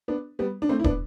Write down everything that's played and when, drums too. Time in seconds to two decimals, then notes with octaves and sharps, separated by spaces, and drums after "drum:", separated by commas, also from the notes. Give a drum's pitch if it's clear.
0.08 B3 D4
0.39 G3 B3
0.62 D4
0.69 A3 C4
0.79 E4
0.84 B3 D4, drum: kick